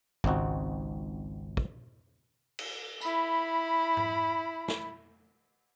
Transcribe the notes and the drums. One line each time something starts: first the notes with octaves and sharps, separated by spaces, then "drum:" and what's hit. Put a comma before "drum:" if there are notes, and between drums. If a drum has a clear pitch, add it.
G#1 C#2 C4 D#4 F#4, drum: kick
drum: kick
drum: cymbal
E4 B5, drum: tambourine
drum: tom G#2
drum: snare